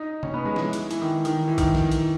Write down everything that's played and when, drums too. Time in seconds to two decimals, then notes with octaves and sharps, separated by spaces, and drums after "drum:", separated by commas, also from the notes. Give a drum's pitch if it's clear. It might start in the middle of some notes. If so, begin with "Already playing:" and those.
Already playing: D#4
0.23 C#4, drum: tom C3
0.34 B3
0.45 G#3
0.56 E3, drum: snare
0.73 drum: hi-hat
0.91 E3, drum: hi-hat
1.02 D#3
1.25 D#3, drum: hi-hat
1.48 E3
1.58 D#3, drum: kick, hi-hat
1.75 drum: snare
1.91 drum: hi-hat